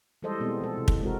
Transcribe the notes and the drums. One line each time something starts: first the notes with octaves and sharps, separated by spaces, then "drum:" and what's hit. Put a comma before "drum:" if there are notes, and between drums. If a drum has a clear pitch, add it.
E3 G3 G#3 A4 C5 D#5
B2 G#3 B3 C4
E3 F3 A4
C3
drum: kick
G#3 C4 F#4 A#4